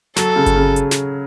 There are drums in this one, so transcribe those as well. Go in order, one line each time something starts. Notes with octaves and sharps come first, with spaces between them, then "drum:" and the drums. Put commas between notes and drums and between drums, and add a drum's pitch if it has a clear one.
F#3 A4, drum: snare
C#3
drum: kick G1, hi-hat
C#3
drum: hi-hat
drum: snare